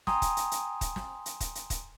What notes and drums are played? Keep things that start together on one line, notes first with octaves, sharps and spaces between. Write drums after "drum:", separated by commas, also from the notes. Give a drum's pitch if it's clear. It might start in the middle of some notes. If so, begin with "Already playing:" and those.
G5 G#5 A#5 C6 D#6, drum: snare
drum: kick, hi-hat
drum: hi-hat
drum: hi-hat
drum: kick, hi-hat
drum: snare
drum: hi-hat
drum: kick, hi-hat
drum: hi-hat
drum: kick, hi-hat